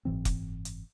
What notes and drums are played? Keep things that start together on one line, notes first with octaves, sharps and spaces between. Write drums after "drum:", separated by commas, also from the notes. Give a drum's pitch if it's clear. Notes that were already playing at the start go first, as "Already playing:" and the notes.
F#1 G#2 E3 C4
drum: kick, hi-hat
drum: hi-hat